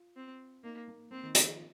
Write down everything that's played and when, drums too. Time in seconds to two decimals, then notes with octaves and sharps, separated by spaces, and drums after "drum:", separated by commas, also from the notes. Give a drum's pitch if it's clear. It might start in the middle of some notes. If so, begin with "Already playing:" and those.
Already playing: F4
0.16 C4
0.63 A#3 D#4
0.88 A#3
1.11 A#3 C4
1.23 D#3
1.35 F3, drum: hi-hat
1.46 F3